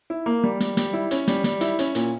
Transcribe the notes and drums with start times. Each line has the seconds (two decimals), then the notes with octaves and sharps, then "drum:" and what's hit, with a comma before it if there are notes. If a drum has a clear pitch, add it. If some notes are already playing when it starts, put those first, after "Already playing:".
0.10 E4
0.26 A#3
0.43 G3
0.60 G3, drum: hi-hat
0.77 G3, drum: hi-hat
0.93 E4
1.11 C#4, drum: hi-hat
1.28 G3, drum: hi-hat
1.44 G3, drum: hi-hat
1.61 E4, drum: hi-hat
1.79 C#4, drum: hi-hat
1.95 A#2, drum: hi-hat